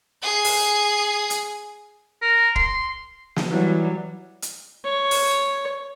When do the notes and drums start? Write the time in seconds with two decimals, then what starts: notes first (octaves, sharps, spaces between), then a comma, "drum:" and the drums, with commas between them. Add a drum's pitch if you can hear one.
0.23 G#4 C7
0.45 drum: open hi-hat
1.30 drum: hi-hat
2.21 A#4
2.56 C6, drum: kick
3.36 drum: snare
3.51 E3 F#3 G3
4.42 drum: hi-hat
4.85 C#5
5.11 drum: open hi-hat